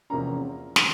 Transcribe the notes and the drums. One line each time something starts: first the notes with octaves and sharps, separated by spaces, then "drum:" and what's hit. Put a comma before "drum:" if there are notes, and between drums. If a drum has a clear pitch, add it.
E2 C3 F3 A#3 C#4 A#5
D#3 C6, drum: snare